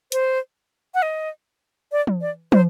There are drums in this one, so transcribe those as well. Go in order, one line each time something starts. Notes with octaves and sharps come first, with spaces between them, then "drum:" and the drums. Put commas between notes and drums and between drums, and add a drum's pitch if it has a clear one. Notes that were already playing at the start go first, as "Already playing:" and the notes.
C5, drum: hi-hat
F#5
D#5
D5
drum: tom
D5
C5, drum: tom